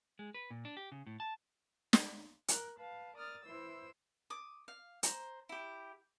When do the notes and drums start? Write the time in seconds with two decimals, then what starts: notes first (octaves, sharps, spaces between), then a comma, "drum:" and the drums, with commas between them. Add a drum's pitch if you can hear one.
0.19 G#3
0.34 B4
0.50 A#2
0.65 D4
0.77 G4
0.92 C#3
1.07 A2
1.20 A5
1.93 drum: snare
2.48 A#4 F#6, drum: hi-hat
2.79 B4 F5 A5
3.16 A#4 D5 D#6 F6 A6
3.46 E3 E4 C5 E6
4.30 D6 D#6
4.68 F5
5.03 C5 A#5, drum: hi-hat
5.49 E4 G4